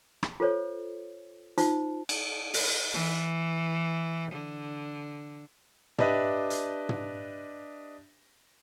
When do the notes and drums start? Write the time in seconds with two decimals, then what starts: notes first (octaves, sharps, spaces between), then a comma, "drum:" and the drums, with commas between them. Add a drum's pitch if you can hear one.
0.23 drum: rim click
0.40 F4 A4 C5 C#5
1.58 D#4 F4 C5 A5, drum: hi-hat
2.09 drum: cymbal
2.54 drum: open hi-hat
2.93 E3
4.31 D3
5.98 D4 G4 B4 D#5 E5, drum: tom
6.50 drum: hi-hat
6.89 drum: tom